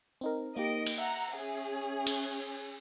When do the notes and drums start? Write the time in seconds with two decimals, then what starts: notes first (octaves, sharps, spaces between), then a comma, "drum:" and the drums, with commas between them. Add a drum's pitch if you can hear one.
0.21 C4 D#4 A#4
0.56 A#3 D#4 G4 D#5 D7
0.87 drum: cymbal
0.98 E5 F#5 A#5
1.38 C#4 G#4
2.07 drum: cymbal